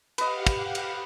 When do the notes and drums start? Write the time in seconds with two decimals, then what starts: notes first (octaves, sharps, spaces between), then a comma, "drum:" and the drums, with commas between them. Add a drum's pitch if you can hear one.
0.18 G4 B4 D#5 F5 F#5, drum: cymbal
0.47 drum: kick, cymbal
0.75 drum: cymbal